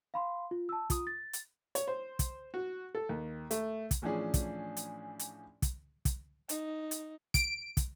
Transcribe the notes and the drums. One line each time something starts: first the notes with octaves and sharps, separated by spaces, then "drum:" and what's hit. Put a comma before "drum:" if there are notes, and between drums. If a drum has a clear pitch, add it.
F5 B5 C6
F4
A5 E6
F4 D#6, drum: kick, hi-hat
A6
drum: hi-hat
C#5, drum: hi-hat
C5
drum: kick, hi-hat
F#4
A4
D#2
A3, drum: hi-hat
drum: kick, hi-hat
A2 E3 F3 C#4 D4 G#4
drum: kick, hi-hat
drum: hi-hat
drum: hi-hat
drum: kick, hi-hat
drum: kick, hi-hat
D#4, drum: hi-hat
drum: hi-hat
D7, drum: kick, hi-hat
drum: kick, hi-hat